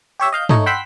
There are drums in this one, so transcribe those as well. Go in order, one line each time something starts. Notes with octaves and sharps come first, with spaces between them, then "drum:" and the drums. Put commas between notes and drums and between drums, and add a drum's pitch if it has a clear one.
G4 C#5 E5
D#5 F5 G6
A3 D#4 C#5, drum: tom
F#5 G5 B5 C6 E6 B6